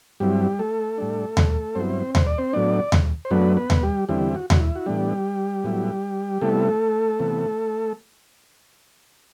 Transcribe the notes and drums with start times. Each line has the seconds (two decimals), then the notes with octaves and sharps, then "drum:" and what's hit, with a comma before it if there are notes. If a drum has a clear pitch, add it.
0.20 G2 F#3 G3 C4 E4 G4
0.59 A3 A4
0.98 A2 G3 D4
1.37 drum: tom D#2
1.75 G2 F#3 B3 C4 E4 C5
2.15 C5, drum: tom D#2
2.27 D5
2.38 C4 C5
2.53 A2 F#3 B3 D4 D5
2.92 drum: tom D#2
3.25 C5
3.31 F#2 F#3 A3 B3 D4 B4
3.57 B3 B4
3.70 drum: tom D#2
3.83 G3 G4
4.09 E2 D3 G3 C4 E4 G4
4.35 F#4
4.50 F#4, drum: tom D#2
4.60 E4
4.76 F#4
4.86 A2 E3 G3 B3 D4 G4
5.64 A2 F#3 B3 E4
6.41 C3 G3 A3 B3 E4 A4
7.19 C3 E3 B3